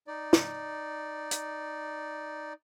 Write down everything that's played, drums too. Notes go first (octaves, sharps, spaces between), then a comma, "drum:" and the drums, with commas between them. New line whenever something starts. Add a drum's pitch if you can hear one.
D#4 D5
drum: snare
drum: hi-hat